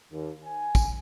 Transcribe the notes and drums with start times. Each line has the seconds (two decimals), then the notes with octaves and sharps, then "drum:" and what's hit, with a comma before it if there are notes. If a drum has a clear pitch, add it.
0.12 D#2
0.45 G#5
0.75 drum: kick, tambourine